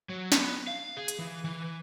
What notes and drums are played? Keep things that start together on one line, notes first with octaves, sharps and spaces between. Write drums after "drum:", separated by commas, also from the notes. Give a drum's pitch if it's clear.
F#3
B3, drum: snare
F5
G#4
drum: hi-hat
E3
E3